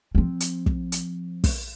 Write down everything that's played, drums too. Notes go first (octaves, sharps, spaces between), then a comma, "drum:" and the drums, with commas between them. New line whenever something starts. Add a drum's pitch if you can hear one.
F3 C4
drum: hi-hat
drum: kick
drum: hi-hat
drum: kick, open hi-hat